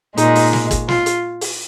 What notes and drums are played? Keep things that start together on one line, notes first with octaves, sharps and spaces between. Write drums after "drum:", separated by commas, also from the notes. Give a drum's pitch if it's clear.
A#2 G#3 D#4, drum: hi-hat
drum: open hi-hat
drum: snare
drum: kick, hi-hat
F4, drum: snare
drum: hi-hat
drum: open hi-hat